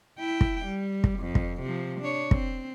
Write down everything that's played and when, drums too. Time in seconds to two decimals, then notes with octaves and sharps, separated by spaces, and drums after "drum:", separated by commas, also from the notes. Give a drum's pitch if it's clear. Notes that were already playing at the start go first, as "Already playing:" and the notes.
0.19 E4 G5
0.41 drum: kick
0.66 G3
1.04 drum: kick
1.19 F2
1.35 drum: kick
1.62 C3 F3
2.00 D4 C#5
2.31 C4, drum: kick